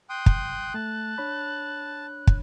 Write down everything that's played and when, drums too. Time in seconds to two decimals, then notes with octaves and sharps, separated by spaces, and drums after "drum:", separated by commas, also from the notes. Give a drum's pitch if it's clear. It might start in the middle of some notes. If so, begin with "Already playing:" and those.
0.10 G5 C6 D#6 F#6
0.26 drum: kick
0.74 A3 A5
1.18 D4 C#5 B5
2.27 drum: kick